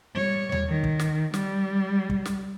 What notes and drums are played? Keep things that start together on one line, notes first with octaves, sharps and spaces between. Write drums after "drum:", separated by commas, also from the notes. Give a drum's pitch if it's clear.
G3 C#5
drum: tom D#2
D#3
drum: kick
drum: snare
G3, drum: snare
drum: kick
drum: snare